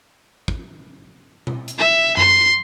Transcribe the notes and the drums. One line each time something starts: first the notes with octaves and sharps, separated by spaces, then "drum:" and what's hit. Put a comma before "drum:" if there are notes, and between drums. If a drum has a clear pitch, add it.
drum: kick
drum: tom B2
drum: hi-hat
E5
C6, drum: tom F#2